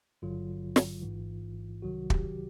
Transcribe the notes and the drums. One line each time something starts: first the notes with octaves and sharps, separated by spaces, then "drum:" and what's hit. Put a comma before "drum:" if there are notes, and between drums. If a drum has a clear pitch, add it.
G#1 G2 D3 F#3 F4
drum: snare
A1 G#2 E3
C2 C3 D#3 F#3 F#4
G4, drum: kick